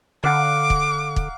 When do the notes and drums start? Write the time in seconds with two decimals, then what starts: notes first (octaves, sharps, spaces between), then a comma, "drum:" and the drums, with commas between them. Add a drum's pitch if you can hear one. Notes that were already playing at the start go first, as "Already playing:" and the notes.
0.24 D3 F5 F#5 A#5 D6
0.70 drum: kick
1.16 drum: kick